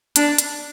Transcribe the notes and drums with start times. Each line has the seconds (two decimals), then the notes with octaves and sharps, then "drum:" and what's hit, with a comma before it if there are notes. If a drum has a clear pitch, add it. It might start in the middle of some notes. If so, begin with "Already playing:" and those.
0.16 D4, drum: hi-hat
0.38 drum: hi-hat